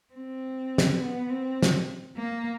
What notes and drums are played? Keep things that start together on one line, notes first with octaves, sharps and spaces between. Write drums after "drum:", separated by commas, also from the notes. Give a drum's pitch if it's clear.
C4
drum: snare
B3
C4
drum: snare
A#3